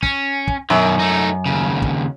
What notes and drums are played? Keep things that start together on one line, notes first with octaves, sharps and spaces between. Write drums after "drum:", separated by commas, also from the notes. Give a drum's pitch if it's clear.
C#4, drum: kick
drum: kick
F#2 B2 D#3
A3 D#4
D#2 C#3
drum: kick